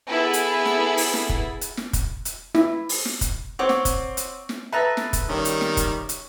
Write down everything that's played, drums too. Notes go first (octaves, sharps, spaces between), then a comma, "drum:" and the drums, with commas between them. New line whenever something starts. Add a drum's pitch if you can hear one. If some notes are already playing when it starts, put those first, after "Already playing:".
B3 E4 G#4 A4
drum: hi-hat
drum: snare
drum: open hi-hat
drum: snare
drum: kick
drum: hi-hat
drum: snare
drum: kick, hi-hat
drum: hi-hat
E4, drum: snare
drum: open hi-hat
drum: snare
drum: kick, hi-hat
C4 C#5 F#5 D6
drum: snare
drum: kick, hi-hat
drum: hi-hat
drum: snare
G#4 A4 B4 E5 A5 A#5
drum: snare
drum: kick, hi-hat
D#3 G3 C#4
drum: hi-hat
drum: snare
drum: kick, hi-hat
drum: hi-hat